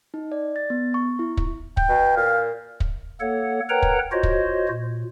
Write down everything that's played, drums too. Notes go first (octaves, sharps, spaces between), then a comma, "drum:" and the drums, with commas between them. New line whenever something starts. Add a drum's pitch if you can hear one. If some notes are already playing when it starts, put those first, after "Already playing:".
D#4
D5
A6
B3
C#6
E4
drum: kick
G5, drum: kick
B2
A#2 F5
drum: kick
A#3 A4 C#5 F#5
A#4 B4 C#5 F#5 G5 A#5
drum: kick
F4 F#4 C5 C#5 D#5
drum: kick
A#2